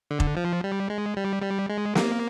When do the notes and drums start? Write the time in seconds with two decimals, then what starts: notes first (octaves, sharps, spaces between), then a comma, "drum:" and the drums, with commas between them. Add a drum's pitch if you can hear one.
0.11 D3
0.20 drum: kick F1
0.37 F3
0.64 G3
0.90 G#3
1.17 G3
1.42 G3
1.69 G#3
1.95 A#3, drum: snare